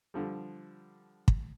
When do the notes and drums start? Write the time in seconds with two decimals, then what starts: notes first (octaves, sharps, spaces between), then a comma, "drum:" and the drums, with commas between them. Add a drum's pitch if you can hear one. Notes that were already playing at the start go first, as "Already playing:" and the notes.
0.14 D3 F3 G3
1.28 drum: kick